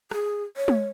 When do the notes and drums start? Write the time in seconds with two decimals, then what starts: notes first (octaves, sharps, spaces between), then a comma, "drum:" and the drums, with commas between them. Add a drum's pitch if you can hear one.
0.11 G#4, drum: rim click
0.57 C#5
0.68 drum: tom G#3